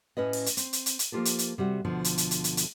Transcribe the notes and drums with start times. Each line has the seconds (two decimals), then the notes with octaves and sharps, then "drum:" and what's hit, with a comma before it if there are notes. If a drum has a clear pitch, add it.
0.17 A2 C#4 B4 D#5
0.33 drum: open hi-hat
0.46 drum: hi-hat
0.57 C4, drum: hi-hat
0.73 drum: hi-hat
0.86 drum: hi-hat
0.99 drum: hi-hat
1.12 F3 A#3 C4 F4 G4 A4
1.25 drum: hi-hat
1.39 drum: hi-hat
1.58 C3 G3 F#4
1.85 D2 B2 D3 F3
2.04 drum: hi-hat
2.18 drum: hi-hat
2.31 drum: hi-hat
2.44 drum: hi-hat
2.57 drum: hi-hat